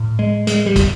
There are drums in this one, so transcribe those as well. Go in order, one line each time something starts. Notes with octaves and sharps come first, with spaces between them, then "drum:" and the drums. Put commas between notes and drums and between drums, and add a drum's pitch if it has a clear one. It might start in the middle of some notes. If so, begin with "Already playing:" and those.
Already playing: A2
G#3
G#3, drum: hi-hat
G3
drum: kick, hi-hat